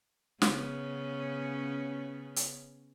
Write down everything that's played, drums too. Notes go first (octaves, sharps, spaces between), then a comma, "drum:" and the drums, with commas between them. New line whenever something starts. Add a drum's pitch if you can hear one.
C#3 B3 C#4, drum: snare
drum: hi-hat